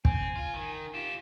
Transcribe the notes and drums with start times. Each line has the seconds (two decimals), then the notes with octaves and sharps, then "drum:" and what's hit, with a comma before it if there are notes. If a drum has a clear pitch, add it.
0.05 C4 G#5, drum: kick
0.36 F4
0.54 D#3
0.94 F4 G4 E7